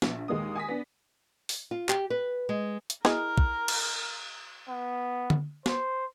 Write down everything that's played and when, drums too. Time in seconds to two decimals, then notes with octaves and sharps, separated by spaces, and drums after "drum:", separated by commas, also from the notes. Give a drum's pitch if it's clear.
0.02 A#1, drum: snare
0.28 D#2 G#3 A#3 D#6
0.56 G#5 D#6 A#6 B6
0.68 B3 D4
1.49 drum: open hi-hat
1.71 F4
1.89 G4, drum: clap
2.10 B4
2.49 G#3
2.90 drum: hi-hat
3.05 E4 G#4 A#4 D#5, drum: snare
3.38 drum: kick
3.68 drum: cymbal
4.69 B3
5.30 drum: tom D3
5.66 C5, drum: snare